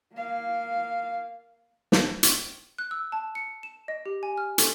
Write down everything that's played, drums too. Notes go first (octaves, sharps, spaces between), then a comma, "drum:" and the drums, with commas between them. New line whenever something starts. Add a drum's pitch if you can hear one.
A#3 F5
drum: snare
drum: hi-hat
F#6
E6
A5
C#7
E7
D#5
G4
G#5
F6
A4, drum: hi-hat